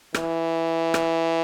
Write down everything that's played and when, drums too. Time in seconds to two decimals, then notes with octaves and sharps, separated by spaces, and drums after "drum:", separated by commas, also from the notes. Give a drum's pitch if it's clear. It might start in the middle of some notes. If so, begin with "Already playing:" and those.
0.14 E3, drum: rim click
0.94 drum: rim click